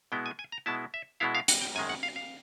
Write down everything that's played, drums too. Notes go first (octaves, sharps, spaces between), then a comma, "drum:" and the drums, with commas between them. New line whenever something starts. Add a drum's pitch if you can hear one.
B2 G#3 B3 E4 G5
G#5
G#5
A#5
B2 G#3 B3 E4 A5
E5
B2 G#3 B3 E4 F5
F5
F#5, drum: hi-hat
G5
F#2 D#3 G#3 G#5
F#5
F5
F5